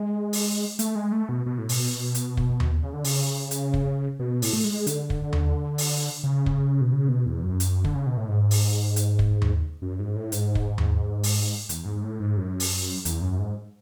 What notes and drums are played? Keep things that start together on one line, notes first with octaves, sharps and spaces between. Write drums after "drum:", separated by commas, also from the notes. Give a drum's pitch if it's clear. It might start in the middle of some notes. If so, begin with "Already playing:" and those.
Already playing: G#3
drum: open hi-hat
A3, drum: hi-hat
G#3
A3
B2
B2
A2
B2, drum: open hi-hat
drum: hi-hat
drum: kick
drum: tom D#2
C#3
D3
C#3, drum: open hi-hat
drum: hi-hat
drum: kick
B2
A2, drum: open hi-hat
A3
G#3
D3, drum: hi-hat
drum: kick
drum: tom D#2
drum: open hi-hat
C#3
drum: kick
B2
C#3
B2
E2
F#2
drum: hi-hat
D3, drum: kick
C#3
B2
A2
G#2
drum: open hi-hat
drum: hi-hat
drum: kick
drum: tom D#2
F#2
G#2
A2
G#2, drum: hi-hat
drum: kick
drum: tom D#2
drum: open hi-hat
E2, drum: hi-hat
G#2
A2
G#2
F#2
drum: open hi-hat
E2, drum: hi-hat
F#2
G#2